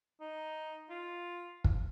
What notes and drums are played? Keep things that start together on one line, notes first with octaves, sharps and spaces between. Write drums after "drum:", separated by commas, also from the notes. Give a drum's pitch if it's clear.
D#4
F4
drum: kick